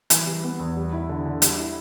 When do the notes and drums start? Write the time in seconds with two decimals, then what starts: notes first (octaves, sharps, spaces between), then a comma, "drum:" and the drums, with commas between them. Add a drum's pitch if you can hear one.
0.10 E3, drum: hi-hat
0.26 G3
0.43 B3
0.60 E2
0.77 G3
0.92 E4
1.09 D3
1.26 D3
1.42 G3, drum: hi-hat
1.58 E4